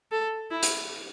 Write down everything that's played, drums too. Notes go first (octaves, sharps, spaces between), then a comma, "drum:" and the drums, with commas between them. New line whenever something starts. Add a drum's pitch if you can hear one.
A4
E4
drum: hi-hat